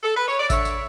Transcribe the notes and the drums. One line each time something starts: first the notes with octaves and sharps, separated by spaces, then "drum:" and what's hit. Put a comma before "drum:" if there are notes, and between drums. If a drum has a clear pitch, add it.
A4
B4
C#5
D5
D3 C#5 E5, drum: kick A1, tambourine
drum: tambourine